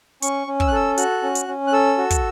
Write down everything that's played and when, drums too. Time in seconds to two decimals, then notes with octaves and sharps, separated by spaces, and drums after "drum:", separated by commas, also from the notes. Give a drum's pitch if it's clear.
0.22 C#4 C#6, drum: hi-hat
0.47 C#4
0.60 E6, drum: kick
0.68 F#6
0.72 A4 E6
0.98 F#4 F#6, drum: hi-hat
1.23 C#4
1.35 drum: hi-hat
1.48 C#4
1.67 F#6
1.72 A4 E6
1.98 F#4
2.10 drum: kick, hi-hat